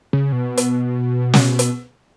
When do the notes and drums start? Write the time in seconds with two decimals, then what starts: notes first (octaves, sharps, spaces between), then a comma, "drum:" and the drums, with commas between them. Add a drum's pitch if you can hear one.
0.13 C#3
0.32 B2
0.57 drum: hi-hat
1.34 drum: snare
1.59 drum: hi-hat